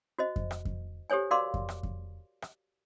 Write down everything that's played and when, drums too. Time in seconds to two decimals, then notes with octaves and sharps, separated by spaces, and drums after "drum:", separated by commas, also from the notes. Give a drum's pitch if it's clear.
0.19 F#4 C5 D#5
0.36 drum: kick F2
0.51 drum: rim click
0.65 drum: kick F2
1.10 G4 A4 C5 C#5 G#5
1.31 F#4 A#4 D5 F5 C6 D6
1.54 drum: kick F2
1.69 drum: rim click
1.83 drum: kick F2
2.42 drum: rim click